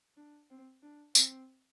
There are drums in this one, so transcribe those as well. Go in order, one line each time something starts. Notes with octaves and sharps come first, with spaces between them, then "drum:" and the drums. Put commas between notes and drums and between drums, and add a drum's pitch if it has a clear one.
D4
C4
D4
C4, drum: tambourine